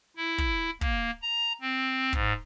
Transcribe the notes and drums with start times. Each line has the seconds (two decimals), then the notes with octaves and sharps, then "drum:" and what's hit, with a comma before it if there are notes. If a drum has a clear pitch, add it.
0.17 E4
0.38 drum: kick
0.81 A#3, drum: kick
1.22 A#5
1.61 C4
2.13 G#2, drum: kick